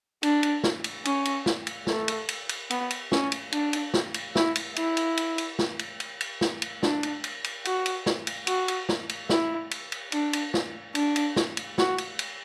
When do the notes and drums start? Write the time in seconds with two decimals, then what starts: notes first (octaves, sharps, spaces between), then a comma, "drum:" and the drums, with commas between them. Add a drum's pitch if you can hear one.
0.23 D4, drum: cymbal
0.43 drum: cymbal
0.64 drum: snare
0.84 drum: cymbal
1.05 C#4, drum: cymbal
1.25 drum: cymbal
1.46 drum: snare
1.67 drum: cymbal
1.87 A3, drum: snare
2.08 drum: cymbal
2.29 drum: cymbal
2.49 drum: cymbal
2.70 B3, drum: cymbal
2.90 drum: cymbal
3.12 C#4, drum: snare
3.32 drum: cymbal
3.52 D4, drum: cymbal
3.73 drum: cymbal
3.94 drum: snare
4.14 drum: cymbal
4.36 E4, drum: snare
4.56 drum: cymbal
4.76 E4, drum: cymbal
4.97 drum: cymbal
5.17 drum: cymbal
5.38 drum: cymbal
5.59 drum: snare
5.79 drum: cymbal
6.00 drum: cymbal
6.21 drum: cymbal
6.41 drum: snare
6.62 drum: cymbal
6.83 D4, drum: snare
7.03 drum: cymbal
7.24 drum: cymbal
7.44 drum: cymbal
7.65 F#4, drum: cymbal
7.86 drum: cymbal
8.06 drum: snare
8.27 drum: cymbal
8.47 F#4, drum: cymbal
8.68 drum: cymbal
8.89 drum: snare
9.09 drum: cymbal
9.29 E4, drum: snare
9.71 drum: cymbal
9.92 drum: cymbal
10.12 D4, drum: cymbal
10.33 drum: cymbal
10.54 drum: snare
10.95 D4, drum: cymbal
11.16 drum: cymbal
11.36 drum: snare
11.57 drum: cymbal
11.78 F#4, drum: snare
11.98 drum: cymbal
12.19 drum: cymbal